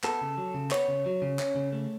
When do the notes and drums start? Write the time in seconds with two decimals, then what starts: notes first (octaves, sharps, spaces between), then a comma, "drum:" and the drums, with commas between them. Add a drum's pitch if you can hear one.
0.03 B3 A4, drum: clap
0.21 C#3
0.38 F#3
0.54 C#3
0.71 B3 C#5, drum: clap
0.88 C#3
1.06 F#3
1.22 C#3
1.39 C#4, drum: clap
1.56 C#3
1.73 A3